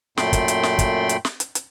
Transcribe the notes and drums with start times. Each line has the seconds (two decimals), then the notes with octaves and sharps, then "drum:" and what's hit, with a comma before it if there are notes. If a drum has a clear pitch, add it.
0.17 F#2 A#2 A3 G5 B5 C6, drum: snare
0.33 drum: kick, hi-hat
0.48 drum: hi-hat
0.63 drum: snare
0.79 drum: kick, hi-hat
1.09 drum: hi-hat
1.25 drum: snare
1.40 drum: hi-hat
1.55 drum: hi-hat